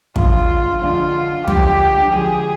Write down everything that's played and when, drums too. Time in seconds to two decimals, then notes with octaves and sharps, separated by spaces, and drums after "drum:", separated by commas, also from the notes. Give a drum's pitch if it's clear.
0.16 D3 F3 G#3 D4 F4, drum: kick
0.82 D3 F3 G#3 D4 F4
1.48 D3 F3 G#3 D4 G4, drum: tom
2.13 D3 F3 G#3 D4 G#4